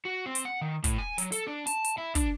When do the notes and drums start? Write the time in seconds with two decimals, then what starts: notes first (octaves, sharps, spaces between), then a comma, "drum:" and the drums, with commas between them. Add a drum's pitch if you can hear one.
0.05 F#4
0.26 C4
0.35 drum: hi-hat
0.45 F#5
0.62 D#3
0.84 A2, drum: kick, hi-hat
0.98 G#5
1.18 F#3, drum: hi-hat
1.32 A4, drum: hi-hat
1.48 D4
1.67 A5, drum: hi-hat
1.84 drum: hi-hat
1.98 E4
2.15 D4, drum: kick, hi-hat